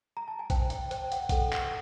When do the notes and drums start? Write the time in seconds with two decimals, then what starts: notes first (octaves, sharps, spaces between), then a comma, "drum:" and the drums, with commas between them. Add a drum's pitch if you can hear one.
0.17 A#5
0.28 A5
0.39 G#5
0.50 C5 G5, drum: kick, hi-hat
0.70 G5, drum: hi-hat
0.91 C5 G5, drum: hi-hat
1.12 F#5, drum: hi-hat
1.20 G5
1.29 A4 F#5, drum: kick, hi-hat
1.53 drum: clap